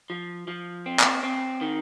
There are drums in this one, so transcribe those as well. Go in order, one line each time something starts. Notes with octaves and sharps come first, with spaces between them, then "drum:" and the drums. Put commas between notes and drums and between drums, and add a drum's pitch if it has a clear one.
F3
F3
C4
drum: clap
C4
D#3